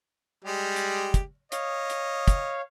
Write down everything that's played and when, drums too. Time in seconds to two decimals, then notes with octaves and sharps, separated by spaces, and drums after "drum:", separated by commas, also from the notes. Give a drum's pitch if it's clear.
0.45 G3 G#3 G4
0.76 drum: hi-hat
1.14 drum: kick, hi-hat
1.52 C#5 D#5 F5, drum: hi-hat
1.90 drum: hi-hat
2.28 drum: kick, hi-hat